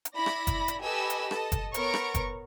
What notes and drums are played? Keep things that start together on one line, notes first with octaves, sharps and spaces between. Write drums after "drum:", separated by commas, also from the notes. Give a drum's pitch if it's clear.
drum: hi-hat
E4 D5 B5 A#6
drum: rim click
drum: kick F#1, hi-hat
drum: hi-hat
G4 A4 B4 D#5 G#5 E6
drum: hi-hat
A4 D#5 A5, drum: rim click
drum: kick F#1, hi-hat
B3 A#4 C#5 A#5 C#6 D7, drum: hi-hat
drum: rim click
drum: kick F#1, hi-hat